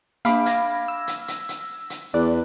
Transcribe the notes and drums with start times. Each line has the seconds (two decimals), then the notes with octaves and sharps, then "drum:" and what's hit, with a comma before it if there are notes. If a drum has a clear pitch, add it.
0.25 A#3 D4 F5 B5 D6, drum: hi-hat
0.46 F6 G#6 A#6, drum: hi-hat
0.88 E6
1.07 drum: hi-hat
1.28 drum: hi-hat
1.49 drum: hi-hat
1.90 drum: hi-hat
2.14 E2 D5 F#6